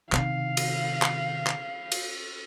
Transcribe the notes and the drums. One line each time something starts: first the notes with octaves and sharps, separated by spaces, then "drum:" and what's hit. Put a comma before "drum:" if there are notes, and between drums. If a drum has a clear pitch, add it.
C3 D#3 F5, drum: clap
drum: cymbal
drum: clap
drum: clap
drum: cymbal